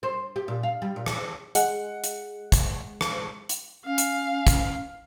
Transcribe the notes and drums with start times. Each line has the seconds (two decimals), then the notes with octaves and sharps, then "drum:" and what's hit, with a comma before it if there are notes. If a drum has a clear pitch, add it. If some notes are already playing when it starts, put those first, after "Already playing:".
0.03 C5
0.36 G4
0.48 A#2
0.63 F5
0.82 G3
0.96 A#2
1.06 drum: rim click
1.55 G#3 F#5, drum: hi-hat
2.04 drum: hi-hat
2.52 drum: kick, hi-hat
3.01 drum: rim click
3.49 drum: hi-hat
3.86 C#4 F5
3.98 drum: hi-hat
4.47 drum: kick, hi-hat